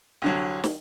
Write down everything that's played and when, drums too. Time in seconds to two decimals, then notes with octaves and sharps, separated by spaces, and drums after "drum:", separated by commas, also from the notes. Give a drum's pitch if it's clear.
0.22 C2 D3 F#3
0.64 drum: snare